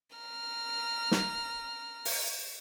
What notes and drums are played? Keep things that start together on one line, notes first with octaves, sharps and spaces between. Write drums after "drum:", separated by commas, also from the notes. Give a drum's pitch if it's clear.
A#5 F6
drum: snare
drum: open hi-hat